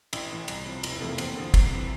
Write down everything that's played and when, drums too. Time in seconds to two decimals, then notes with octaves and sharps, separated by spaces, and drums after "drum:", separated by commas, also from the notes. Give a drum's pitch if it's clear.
0.13 A1 E4, drum: cymbal
0.31 A2 E3
0.48 C2, drum: cymbal
0.66 C3 F3
0.83 F1, drum: cymbal
0.92 E4
1.00 E2 C3 F3 A3
1.09 A#3
1.18 E2 C4, drum: cymbal
1.36 D3 F3
1.54 C2, drum: kick, cymbal
1.71 C3 E3